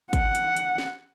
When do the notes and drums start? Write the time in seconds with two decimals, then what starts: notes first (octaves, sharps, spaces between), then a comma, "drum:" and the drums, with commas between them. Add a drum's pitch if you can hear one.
0.13 F#5, drum: kick, hi-hat
0.35 drum: hi-hat
0.56 drum: hi-hat
0.78 drum: snare